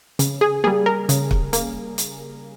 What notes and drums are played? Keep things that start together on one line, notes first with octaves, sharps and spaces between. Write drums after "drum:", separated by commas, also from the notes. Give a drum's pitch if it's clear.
C#3, drum: hi-hat
G#4
G3 A#3 G#4
A#4
C#3, drum: hi-hat
drum: kick
A#3, drum: hi-hat
drum: hi-hat